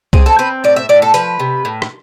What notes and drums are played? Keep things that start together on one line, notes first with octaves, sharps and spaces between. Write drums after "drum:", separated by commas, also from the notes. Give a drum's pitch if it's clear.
C4 G#4, drum: kick C2
A4
C4 B4
A2 D5
E5
A2 D5
A4
F3 B4, drum: hi-hat
C3
A2
drum: rim click